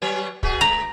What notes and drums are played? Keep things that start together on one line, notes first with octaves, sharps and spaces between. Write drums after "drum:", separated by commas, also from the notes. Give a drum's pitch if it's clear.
F#3 B3 C#5
B2 F#4 G#4, drum: kick
G#3 A#5